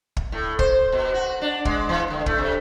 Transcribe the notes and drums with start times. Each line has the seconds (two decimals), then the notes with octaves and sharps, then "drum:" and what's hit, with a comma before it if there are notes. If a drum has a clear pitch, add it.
0.17 drum: kick
0.32 A2
0.59 C5, drum: kick
0.92 B2
1.14 F#4
1.41 D4
1.65 G#3, drum: kick
1.89 E3
2.10 D3
2.26 A3, drum: kick
2.38 C3